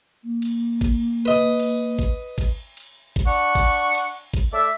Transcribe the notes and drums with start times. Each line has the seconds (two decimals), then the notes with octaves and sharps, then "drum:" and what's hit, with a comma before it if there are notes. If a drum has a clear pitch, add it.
0.23 A#3
0.42 drum: cymbal
0.81 drum: kick G#1, cymbal
1.25 B4 D#5
1.59 drum: cymbal
1.99 drum: kick G#1
2.38 drum: kick G#1, cymbal
2.77 drum: cymbal
3.16 drum: kick G#1, cymbal
3.27 D4 F#5 C#6
3.55 drum: kick G#1, cymbal
3.94 drum: cymbal
4.34 drum: kick G#1, cymbal
4.53 A3 D5 E5